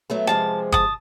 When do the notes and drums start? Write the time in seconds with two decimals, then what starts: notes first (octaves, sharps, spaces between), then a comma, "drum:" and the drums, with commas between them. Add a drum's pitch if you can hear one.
0.10 F#3 A3 B3
0.27 C3 F3 G#3 A5
0.72 A5 D#6, drum: kick